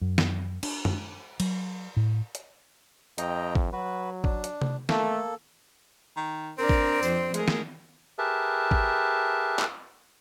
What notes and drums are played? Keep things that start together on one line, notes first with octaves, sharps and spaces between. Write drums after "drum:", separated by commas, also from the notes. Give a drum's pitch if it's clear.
F#2
drum: snare
D4, drum: cymbal
drum: tom F#2
F#3, drum: cymbal
A2
drum: hi-hat
F2 D#5 G5 A#5, drum: hi-hat
drum: kick G#1
F#3 F#4 B4
D4, drum: kick G#1
drum: hi-hat
drum: tom C3
A3 A#3 A4, drum: snare
D#3
C4 D4 A#4 D5
drum: kick G#1
F2 C5, drum: tambourine
G#3 A3 G#4 A#4, drum: hi-hat
drum: snare
G4 G#4 A#4 B4 E5 A5
drum: kick G#1
drum: clap